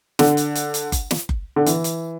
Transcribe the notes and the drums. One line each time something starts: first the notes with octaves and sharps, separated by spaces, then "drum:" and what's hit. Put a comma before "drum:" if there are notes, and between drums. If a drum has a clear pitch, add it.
D3, drum: snare
drum: hi-hat
drum: hi-hat
drum: hi-hat
drum: kick F#1, hi-hat
drum: snare
drum: kick F#1
D3
E3, drum: hi-hat
drum: hi-hat